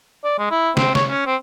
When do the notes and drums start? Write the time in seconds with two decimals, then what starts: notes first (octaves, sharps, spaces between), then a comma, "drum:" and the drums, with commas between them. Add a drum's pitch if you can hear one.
0.24 D5
0.39 G#3
0.51 E4
0.77 C4, drum: snare
0.95 C#5, drum: snare
1.10 C#4
1.27 C4